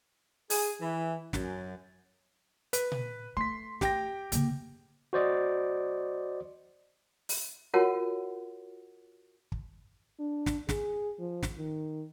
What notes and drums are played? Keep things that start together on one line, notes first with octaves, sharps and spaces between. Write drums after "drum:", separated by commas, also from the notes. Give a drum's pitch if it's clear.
G#4, drum: open hi-hat
E3
F#2, drum: snare
B4, drum: hi-hat
drum: tom A#2
A3 C6 B6
G4 G5 A#6, drum: snare
C#3 A#3, drum: hi-hat
F#4 C5 D5 D#5
drum: open hi-hat
F4 F#4 A#4 C#5 F#5 A5
drum: kick
D4
drum: snare
G#4, drum: snare
F3
drum: snare
D#3